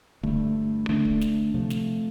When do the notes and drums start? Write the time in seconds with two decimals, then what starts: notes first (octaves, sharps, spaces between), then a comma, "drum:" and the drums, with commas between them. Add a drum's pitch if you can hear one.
0.23 G2 D3 A3, drum: kick
0.89 D3 A3 D4
1.05 drum: kick
1.21 drum: snare
1.54 C3 F3 A3
1.70 drum: snare